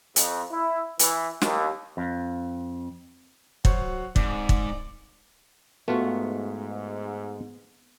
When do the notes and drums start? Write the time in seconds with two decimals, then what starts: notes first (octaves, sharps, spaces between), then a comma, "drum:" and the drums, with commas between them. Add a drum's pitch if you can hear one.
0.16 F2, drum: hi-hat
0.50 E4
0.99 E3, drum: hi-hat
1.41 D#2, drum: snare
1.97 F2
3.65 F#3 F#4 C5 C#5, drum: kick
4.16 G#2 C4 D5, drum: kick
4.49 drum: kick
5.88 G#2 A3 B3 F4 F#4